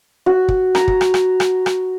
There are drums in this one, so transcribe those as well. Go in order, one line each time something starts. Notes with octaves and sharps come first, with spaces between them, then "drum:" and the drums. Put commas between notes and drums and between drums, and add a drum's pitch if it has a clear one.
F#4
drum: kick
A#5, drum: rim click
drum: kick
drum: rim click
drum: rim click
drum: rim click
drum: rim click